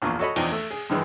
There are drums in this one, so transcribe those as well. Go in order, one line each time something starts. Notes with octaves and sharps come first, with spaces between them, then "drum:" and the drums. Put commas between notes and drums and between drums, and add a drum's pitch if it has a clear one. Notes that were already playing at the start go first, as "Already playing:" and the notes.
A#1 E2 A#3 F4 C#6
F#4 A4 C#5 D#5 B5
E2 F3 D4 D#4 G5, drum: cymbal
A3
G#4
F#2 D#3 E3 G#3